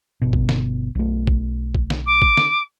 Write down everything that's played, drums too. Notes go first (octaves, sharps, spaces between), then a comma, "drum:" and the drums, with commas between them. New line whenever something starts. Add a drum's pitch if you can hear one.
G1 B2
drum: kick
drum: snare
B1 A3
drum: kick
drum: kick
drum: snare
D6
drum: kick
drum: snare